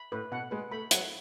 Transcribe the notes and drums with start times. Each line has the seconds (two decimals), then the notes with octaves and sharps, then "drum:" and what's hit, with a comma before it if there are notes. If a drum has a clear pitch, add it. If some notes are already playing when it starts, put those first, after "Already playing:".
Already playing: B5
0.12 A2 B4
0.31 B2 F#5
0.51 G#3 B4
0.71 A3 B5
0.91 F#3 F#5, drum: hi-hat